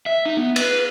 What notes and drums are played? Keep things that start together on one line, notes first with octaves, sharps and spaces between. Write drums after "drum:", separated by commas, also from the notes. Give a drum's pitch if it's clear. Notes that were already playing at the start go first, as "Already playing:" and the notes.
E5
D#4
B3
B4, drum: cymbal